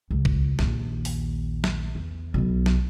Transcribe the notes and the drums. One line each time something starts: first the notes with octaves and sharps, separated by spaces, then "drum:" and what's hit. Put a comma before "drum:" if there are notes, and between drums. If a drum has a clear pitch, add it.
C#2
drum: kick
A#1 D#2, drum: snare
drum: open hi-hat
drum: snare
E2
B1 B2
drum: snare